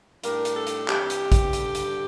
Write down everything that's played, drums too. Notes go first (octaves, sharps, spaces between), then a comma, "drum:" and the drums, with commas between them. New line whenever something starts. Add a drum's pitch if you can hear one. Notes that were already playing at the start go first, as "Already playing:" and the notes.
A2 G3 D4 A#4, drum: hi-hat
drum: hi-hat
A4
drum: hi-hat
G2 E3 G3 C4 G4, drum: clap
drum: hi-hat
drum: kick A1, hi-hat
G2 D3 G3, drum: hi-hat
drum: hi-hat